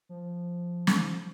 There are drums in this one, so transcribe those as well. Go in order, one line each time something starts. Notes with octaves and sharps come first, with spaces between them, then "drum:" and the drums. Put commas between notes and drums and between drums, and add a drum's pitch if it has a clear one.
F3
drum: snare